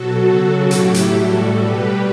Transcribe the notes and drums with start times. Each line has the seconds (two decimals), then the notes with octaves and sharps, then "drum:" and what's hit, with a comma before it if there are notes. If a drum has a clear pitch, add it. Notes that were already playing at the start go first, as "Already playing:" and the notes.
Already playing: B2 F#3 F#4 A4
0.27 C#3 F#3
0.71 A2 F#3 E4 G4, drum: hi-hat
0.94 drum: hi-hat
1.13 A2 G3 F#4 A4
1.56 B2 G3 G4 B4